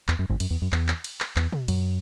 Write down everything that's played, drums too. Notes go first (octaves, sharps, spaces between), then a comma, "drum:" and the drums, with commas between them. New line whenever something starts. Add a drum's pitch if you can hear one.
E2, drum: clap
F#2
G#1 G#2
F#2, drum: cymbal
E2
F#2
E2, drum: clap
drum: clap
drum: cymbal
drum: clap
E2, drum: clap
drum: tom
F#2, drum: cymbal